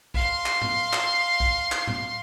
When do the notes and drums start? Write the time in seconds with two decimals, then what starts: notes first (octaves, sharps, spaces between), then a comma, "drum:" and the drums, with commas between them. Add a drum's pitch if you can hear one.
0.14 F5 C6, drum: kick B1
0.46 drum: clap
0.62 drum: tom A2
0.93 drum: clap
1.40 drum: kick B1
1.72 drum: clap
1.87 drum: tom A2